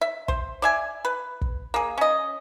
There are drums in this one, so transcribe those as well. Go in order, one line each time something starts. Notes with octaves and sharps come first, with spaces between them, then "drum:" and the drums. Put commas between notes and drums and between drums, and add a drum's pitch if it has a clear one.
E5
C5, drum: kick
D5 E5 G#5
B4
drum: kick
A#3 G#4
C#4 D#5